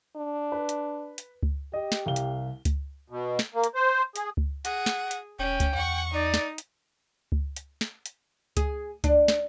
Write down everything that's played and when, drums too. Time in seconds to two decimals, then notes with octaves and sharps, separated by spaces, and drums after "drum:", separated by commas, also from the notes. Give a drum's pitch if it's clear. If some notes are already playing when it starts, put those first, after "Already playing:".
0.16 D4
0.52 B4
0.69 drum: hi-hat
1.18 drum: hi-hat
1.43 drum: kick C#2
1.73 G4 D#5
1.92 drum: snare
2.06 C2 F5 G7
2.16 drum: hi-hat
2.65 drum: kick C#2, hi-hat
3.10 B2
3.39 drum: snare
3.55 A#3
3.64 drum: hi-hat
3.75 C5
4.16 G#4, drum: hi-hat
4.37 drum: kick C#2
4.65 G#4 F#5, drum: hi-hat
4.86 drum: snare
5.11 drum: hi-hat
5.39 E1 C#4 G5
5.60 drum: kick C#2, hi-hat
5.75 E2 F#5 C#6
6.14 D#4 D5
6.34 drum: snare
6.58 drum: hi-hat
7.32 drum: kick C#2
7.56 drum: hi-hat
7.81 drum: snare
8.06 drum: hi-hat
8.57 G#4, drum: kick C#2, hi-hat
9.04 D4, drum: kick C#2, hi-hat
9.28 drum: snare